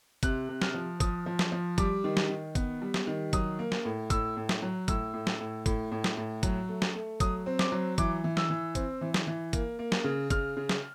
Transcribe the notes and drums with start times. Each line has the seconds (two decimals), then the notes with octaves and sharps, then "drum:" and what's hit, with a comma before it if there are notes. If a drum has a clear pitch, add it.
0.23 C3 F#6, drum: kick, hi-hat
0.49 C3
0.62 F6, drum: snare
0.74 F3
1.00 F3 D#6, drum: kick, hi-hat
1.26 F3
1.39 drum: snare
1.52 F3
1.78 G3 D6, drum: kick, hi-hat
2.04 D#3
2.17 drum: snare
2.30 D#3
2.55 B3, drum: kick, hi-hat
2.82 G3
2.94 drum: snare
3.07 D#3
3.33 F#3 D#6, drum: kick, hi-hat
3.59 A#3
3.72 drum: snare
3.85 A2
4.10 A2 E6, drum: kick, hi-hat
4.37 A2
4.49 drum: snare
4.62 F#3
4.88 A2 E6, drum: kick, hi-hat
5.13 A2
5.27 drum: snare
5.40 A2
5.66 A2, drum: kick, hi-hat
5.92 A2
6.04 drum: snare
6.17 A2
6.43 F#3, drum: kick, hi-hat
6.69 A3
6.82 drum: snare
6.95 A3
7.20 F#3 D#6, drum: kick, hi-hat
7.46 C4
7.59 D6, drum: snare
7.72 F#3
7.98 E3 D6, drum: kick, hi-hat
8.24 E3
8.37 E6, drum: snare
8.50 E3
8.75 C4, drum: kick, hi-hat
9.01 E3
9.14 drum: snare
9.27 E3
9.53 A#3, drum: kick, hi-hat
9.79 A#3
9.92 drum: snare
10.04 C#3
10.30 C#3 F6, drum: kick, hi-hat
10.57 C#3
10.69 drum: snare